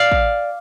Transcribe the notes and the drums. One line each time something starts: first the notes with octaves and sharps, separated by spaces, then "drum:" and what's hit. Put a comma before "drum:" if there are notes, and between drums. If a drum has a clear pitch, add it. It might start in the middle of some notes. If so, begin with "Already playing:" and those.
Already playing: D5 F5
drum: kick